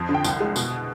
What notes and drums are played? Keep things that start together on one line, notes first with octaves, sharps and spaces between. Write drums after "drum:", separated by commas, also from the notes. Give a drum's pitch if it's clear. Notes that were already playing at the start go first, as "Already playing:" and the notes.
Already playing: F2
D3
G5
C2, drum: tambourine
G#3
B2, drum: tambourine